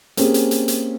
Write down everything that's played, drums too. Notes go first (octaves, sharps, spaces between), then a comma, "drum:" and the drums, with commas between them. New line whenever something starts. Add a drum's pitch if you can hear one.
A#3 C4 C#4 G4 G#4, drum: hi-hat
drum: hi-hat
drum: hi-hat
drum: hi-hat